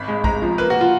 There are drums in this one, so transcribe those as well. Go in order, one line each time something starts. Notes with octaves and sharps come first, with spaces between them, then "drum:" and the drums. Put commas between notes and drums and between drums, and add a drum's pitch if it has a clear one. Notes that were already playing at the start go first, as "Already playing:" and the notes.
Already playing: G#1 B5
G#3
G#3 A#5, drum: kick
F3
A#3 B4
F#4
F4